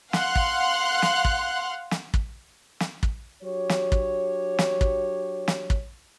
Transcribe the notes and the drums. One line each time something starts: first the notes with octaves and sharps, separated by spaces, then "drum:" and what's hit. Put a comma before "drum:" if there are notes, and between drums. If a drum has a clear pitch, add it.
F5 F#5 C6 F6 F#6, drum: snare
drum: kick
drum: snare
drum: kick
drum: snare
drum: kick
drum: snare
drum: kick
F#3 D4 G4 C#5
drum: snare
drum: kick
drum: snare
drum: kick
drum: snare
drum: kick